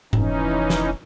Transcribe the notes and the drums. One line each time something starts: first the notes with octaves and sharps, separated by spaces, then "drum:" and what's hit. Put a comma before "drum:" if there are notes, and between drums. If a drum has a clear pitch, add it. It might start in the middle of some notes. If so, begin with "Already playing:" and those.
F1 E3 C#4 D#4, drum: tom G#2
drum: snare